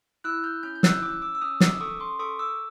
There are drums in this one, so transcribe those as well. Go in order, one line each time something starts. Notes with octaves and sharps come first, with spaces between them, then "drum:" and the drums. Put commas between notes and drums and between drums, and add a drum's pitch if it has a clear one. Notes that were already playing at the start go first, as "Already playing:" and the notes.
E4 E6 F#6
F6 G6
C#4 F6 G6
G6
E6 F#6, drum: snare
C#4 D6 E6
D6 E6
E6
C#4 D#6 F6
D6 E6, drum: snare
A4 C#6 D#6
C6 D6
A4 C#6 D#6
D6 E6